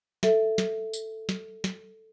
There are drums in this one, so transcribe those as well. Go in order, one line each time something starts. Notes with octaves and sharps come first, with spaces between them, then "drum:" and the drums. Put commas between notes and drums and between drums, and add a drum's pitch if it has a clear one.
A4 E5, drum: snare
drum: snare
drum: tambourine
drum: snare
drum: snare